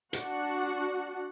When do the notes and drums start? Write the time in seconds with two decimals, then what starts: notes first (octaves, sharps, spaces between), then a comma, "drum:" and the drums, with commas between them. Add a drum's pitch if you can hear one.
0.13 D4 F#4 F#5, drum: hi-hat